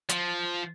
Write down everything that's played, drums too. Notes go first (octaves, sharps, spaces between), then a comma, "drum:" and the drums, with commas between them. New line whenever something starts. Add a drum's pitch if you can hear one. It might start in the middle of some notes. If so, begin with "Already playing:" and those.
F3, drum: hi-hat